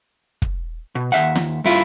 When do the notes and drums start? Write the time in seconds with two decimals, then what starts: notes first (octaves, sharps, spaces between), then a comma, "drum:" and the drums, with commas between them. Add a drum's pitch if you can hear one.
0.42 drum: kick
0.95 B2
1.12 D#2 E5 F#5
1.35 drum: snare
1.64 G2 E4 F4